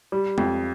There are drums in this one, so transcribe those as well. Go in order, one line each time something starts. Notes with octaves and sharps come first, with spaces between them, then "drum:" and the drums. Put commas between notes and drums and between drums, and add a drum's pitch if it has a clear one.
G3
F2, drum: tom G#3